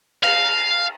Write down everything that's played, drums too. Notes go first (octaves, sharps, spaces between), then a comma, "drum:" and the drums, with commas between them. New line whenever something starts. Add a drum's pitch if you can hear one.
F5, drum: cymbal